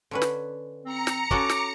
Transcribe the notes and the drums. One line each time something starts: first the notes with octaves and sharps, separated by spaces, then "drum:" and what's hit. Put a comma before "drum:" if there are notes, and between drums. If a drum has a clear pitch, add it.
D3 C#4 B4
drum: snare
C4 A#5 C#7
drum: snare
C#4 F#4 A4 D6, drum: kick
drum: snare